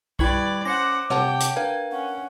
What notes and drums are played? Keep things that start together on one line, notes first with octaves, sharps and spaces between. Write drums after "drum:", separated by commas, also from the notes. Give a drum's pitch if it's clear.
G3 E4 B4 D5 G5 C#6 G#6 F#7, drum: kick B1
C#4 C5 F#5 D6 A#6 C#7
C3 C#5 F#5 G5 A5, drum: rim click
drum: hi-hat
D4 A#4 B4 F5 G#6
C#4 F#5